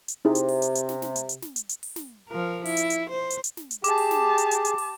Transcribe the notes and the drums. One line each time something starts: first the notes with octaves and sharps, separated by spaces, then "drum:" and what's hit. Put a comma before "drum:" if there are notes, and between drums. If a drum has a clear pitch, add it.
drum: hi-hat
C3 D#4 E4 G#4
drum: hi-hat
drum: open hi-hat
drum: hi-hat
drum: hi-hat
drum: snare
drum: snare
drum: hi-hat
drum: hi-hat
drum: snare
drum: hi-hat
drum: hi-hat
drum: open hi-hat
drum: snare
F3 A#4
E4, drum: open hi-hat
drum: hi-hat
drum: hi-hat
C5
drum: hi-hat
drum: hi-hat
drum: snare
drum: hi-hat
G4 G#4 A5 D6, drum: hi-hat
drum: open hi-hat
drum: snare
drum: hi-hat
drum: hi-hat
drum: hi-hat
drum: open hi-hat